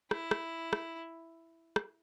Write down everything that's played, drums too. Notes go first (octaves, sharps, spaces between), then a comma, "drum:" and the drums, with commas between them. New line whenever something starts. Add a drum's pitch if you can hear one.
E4, drum: rim click
drum: rim click
drum: rim click
drum: rim click